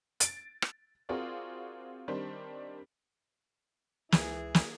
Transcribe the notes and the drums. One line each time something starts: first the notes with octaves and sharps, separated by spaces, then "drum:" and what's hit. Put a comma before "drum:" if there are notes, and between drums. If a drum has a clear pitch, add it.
A6 D7, drum: hi-hat
drum: rim click
C4 F4 F#4 G#4 A#4 D5
D#3 G3 C4 D4 C5
C#2 E3 G#4, drum: snare
drum: snare